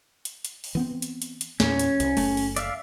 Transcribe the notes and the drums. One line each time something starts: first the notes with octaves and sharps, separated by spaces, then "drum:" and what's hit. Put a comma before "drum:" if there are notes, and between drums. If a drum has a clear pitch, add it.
drum: hi-hat
drum: hi-hat
drum: open hi-hat
E3 B3 C4
drum: hi-hat
drum: hi-hat
drum: hi-hat
E2 A#2 C#4, drum: snare
drum: hi-hat
C2, drum: hi-hat
F#1 A3, drum: open hi-hat
drum: open hi-hat
D5 E5 F5, drum: hi-hat